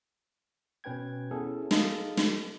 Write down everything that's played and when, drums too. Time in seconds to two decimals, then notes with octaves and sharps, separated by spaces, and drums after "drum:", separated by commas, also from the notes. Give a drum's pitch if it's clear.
0.84 B2 C#4 B4 G5 G#6
1.31 B3 C#4 E4 G#4 A4
1.71 D#4 G#4 A4 D#5 F5 A5, drum: snare
2.17 drum: snare